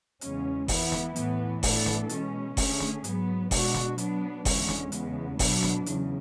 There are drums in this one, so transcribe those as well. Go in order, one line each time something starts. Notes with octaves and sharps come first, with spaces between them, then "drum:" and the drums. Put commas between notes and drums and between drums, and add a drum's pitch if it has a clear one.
E2 C#3 G#3 C#4, drum: hi-hat
E3 B3 E4, drum: kick F#1, open hi-hat
drum: snare
A2 E3 B3, drum: hi-hat
A2 E3 B3 D4 A4, drum: kick F#1, open hi-hat
drum: snare
B2 G#3 C#4, drum: hi-hat
D3 A3 C#4 G#4, drum: kick F#1, open hi-hat
drum: snare
G#2 F#3 B3, drum: hi-hat
B2 G#3 D4 F#4, drum: kick F#1, open hi-hat
drum: snare
F#3 B3 D4, drum: hi-hat
E2 D3 G#3 C#4, drum: kick F#1, open hi-hat
drum: snare
E2 C#3 G#3 B3, drum: hi-hat
B2 F#3 B3 D4, drum: kick F#1, open hi-hat
drum: snare
E2 C#3 F#3, drum: hi-hat